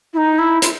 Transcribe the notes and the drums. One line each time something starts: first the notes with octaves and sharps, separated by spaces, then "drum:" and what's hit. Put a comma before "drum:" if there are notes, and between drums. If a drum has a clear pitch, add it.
E4
D#4
E4
F4, drum: hi-hat